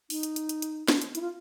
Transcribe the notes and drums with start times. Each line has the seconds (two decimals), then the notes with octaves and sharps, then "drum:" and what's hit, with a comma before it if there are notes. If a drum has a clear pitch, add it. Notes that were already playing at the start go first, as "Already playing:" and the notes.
0.10 D#4, drum: open hi-hat
0.23 drum: hi-hat
0.36 drum: hi-hat
0.49 drum: hi-hat
0.62 drum: hi-hat
0.88 drum: snare
1.02 drum: hi-hat
1.15 E4, drum: hi-hat
1.21 F4